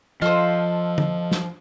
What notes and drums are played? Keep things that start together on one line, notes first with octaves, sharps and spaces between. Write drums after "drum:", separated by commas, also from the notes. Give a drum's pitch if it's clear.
F3 F4 A4 C5 D#5
drum: tom
drum: snare